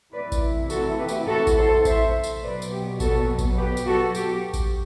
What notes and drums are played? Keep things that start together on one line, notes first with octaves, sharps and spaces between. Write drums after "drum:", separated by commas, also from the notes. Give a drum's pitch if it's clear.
C3 E3 A3 E4 B4 D5
drum: kick A1, tambourine
F#4 A4, drum: tambourine
G4 B4
drum: tambourine
F#4 A4
drum: kick A1, tambourine
A4 C5
C5 E5, drum: kick A1, tambourine
drum: tambourine
B2 F#3 B3 B4 D5
drum: tambourine
G4
F#4 A4, drum: kick A1, tambourine
drum: kick A1, tambourine
G4 B4
drum: tambourine
F#4 A4
G4, drum: tambourine
drum: kick A1, tambourine